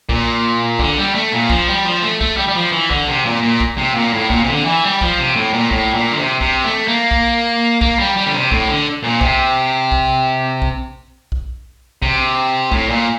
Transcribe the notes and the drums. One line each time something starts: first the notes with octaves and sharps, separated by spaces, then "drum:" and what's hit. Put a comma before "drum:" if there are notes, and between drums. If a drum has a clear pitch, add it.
A#2, drum: kick
D3, drum: kick
G3
A3
A#2
F3, drum: kick
G3
F3
A3
A3, drum: kick
G3
G3
F3
E3
D3, drum: kick
C3
A#2
A#2
drum: kick
C3
A#2
A2
A#2, drum: kick
C3
D3
E3
G3
F3, drum: kick
C3
A2
A#2
A2, drum: kick
A#2
D3
C3
C3, drum: kick
A3
A#3
drum: kick
A#3, drum: kick
G3
G3
D3
C3
A2, drum: kick
D3
A#2
C3, drum: kick
drum: kick
drum: kick
drum: kick
C3, drum: kick
A2, drum: kick
A#2